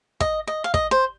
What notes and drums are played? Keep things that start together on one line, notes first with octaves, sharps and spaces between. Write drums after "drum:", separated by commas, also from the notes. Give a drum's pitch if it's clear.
D#5, drum: kick
D#5
F5
D#5, drum: kick
C5